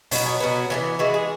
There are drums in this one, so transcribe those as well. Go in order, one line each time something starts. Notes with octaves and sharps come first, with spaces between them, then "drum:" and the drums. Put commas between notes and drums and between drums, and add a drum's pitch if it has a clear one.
B2 F#3 B3, drum: open hi-hat
G#5
B2 F#3 B3
E3 G#3 B3
E3 G#3 B3 F#4
G#4